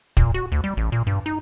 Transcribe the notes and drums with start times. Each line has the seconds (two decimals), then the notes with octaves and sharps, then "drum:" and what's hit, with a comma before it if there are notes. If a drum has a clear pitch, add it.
0.17 A#2, drum: kick
0.34 F#4
0.52 D2
0.64 G3
0.77 A1
0.92 A#2
1.07 G2
1.26 D#4